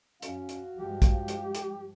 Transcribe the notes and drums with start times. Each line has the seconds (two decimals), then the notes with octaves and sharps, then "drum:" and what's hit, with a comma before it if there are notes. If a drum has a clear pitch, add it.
0.22 F#2 C#4 F#4 F5, drum: hi-hat
0.49 drum: hi-hat
0.79 G2 F3 G#3 G4
1.02 drum: kick, hi-hat
1.28 drum: hi-hat
1.55 drum: hi-hat